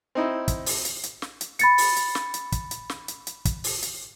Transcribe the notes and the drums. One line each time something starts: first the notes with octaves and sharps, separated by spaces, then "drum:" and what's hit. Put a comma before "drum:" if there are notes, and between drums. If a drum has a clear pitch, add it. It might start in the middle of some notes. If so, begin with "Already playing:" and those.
C4 D#4 E4
drum: kick, hi-hat
drum: open hi-hat
drum: hi-hat
drum: hi-hat
drum: snare
drum: hi-hat
B5 A6 C#7, drum: hi-hat
drum: open hi-hat
drum: hi-hat
drum: snare
drum: hi-hat
drum: kick, hi-hat
drum: hi-hat
drum: snare
drum: hi-hat
drum: hi-hat
drum: kick, hi-hat
drum: open hi-hat
drum: hi-hat